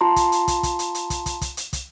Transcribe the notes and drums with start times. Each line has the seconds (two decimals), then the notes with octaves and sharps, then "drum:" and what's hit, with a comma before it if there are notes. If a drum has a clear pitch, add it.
0.01 F4 A5 A#5 C6
0.16 drum: kick, hi-hat
0.32 drum: hi-hat
0.48 drum: kick, hi-hat
0.63 drum: kick, hi-hat
0.79 drum: hi-hat
0.95 drum: hi-hat
1.10 drum: kick, hi-hat
1.26 drum: kick, hi-hat
1.41 drum: kick, hi-hat
1.57 drum: hi-hat
1.73 drum: kick, hi-hat